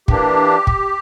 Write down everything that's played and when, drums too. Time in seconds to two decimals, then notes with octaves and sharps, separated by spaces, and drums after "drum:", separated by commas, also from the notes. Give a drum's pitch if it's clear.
0.08 E3 A#3 D4 G4, drum: kick
0.67 drum: kick